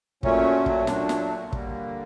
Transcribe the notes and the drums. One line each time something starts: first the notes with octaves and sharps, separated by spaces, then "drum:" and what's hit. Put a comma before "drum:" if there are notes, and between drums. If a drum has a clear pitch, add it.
A#2 F#3 A3 C#4, drum: kick
drum: kick
A#2 F#3 A3 D4, drum: snare
drum: snare
D3 G3 A#3, drum: kick